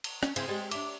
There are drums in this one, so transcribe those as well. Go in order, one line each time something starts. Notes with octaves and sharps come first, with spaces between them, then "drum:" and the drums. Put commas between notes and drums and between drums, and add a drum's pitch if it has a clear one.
drum: cymbal
C#4, drum: rim click
C#3 C4 E4 G#4 G#5, drum: cymbal
G3 G#3
D4 E5 D6, drum: cymbal